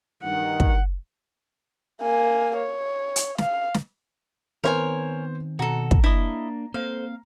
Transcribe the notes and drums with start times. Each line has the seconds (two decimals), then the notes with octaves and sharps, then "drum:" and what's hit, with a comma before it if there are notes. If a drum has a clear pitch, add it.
0.24 G2 D#3 F#5
0.60 drum: kick
2.02 A#3 G#5
2.57 C#5
3.16 drum: hi-hat
3.38 F5, drum: snare
3.74 drum: snare
4.64 D#3 B3 C4 A#4 C5 C#5 G#5
5.59 B2 F#4 A4 A#5
5.91 drum: kick
6.04 A#3 D4 E4 D#5
6.74 A#3 C4 A4 C5 F5